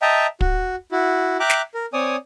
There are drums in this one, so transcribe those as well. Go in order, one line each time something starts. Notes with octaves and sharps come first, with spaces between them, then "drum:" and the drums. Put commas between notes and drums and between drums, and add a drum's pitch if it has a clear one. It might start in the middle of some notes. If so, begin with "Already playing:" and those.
D#5 E5 G5 A5 A#5
F#4, drum: kick
E4 F#4
E5 G5 A#5 D6 F#6
drum: snare
A#4
C4 C#5 D5 G#5 D#6